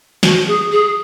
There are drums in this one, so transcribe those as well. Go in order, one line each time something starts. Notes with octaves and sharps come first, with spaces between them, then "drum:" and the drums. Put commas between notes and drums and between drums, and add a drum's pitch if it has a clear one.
F#4, drum: snare
G#4
G#4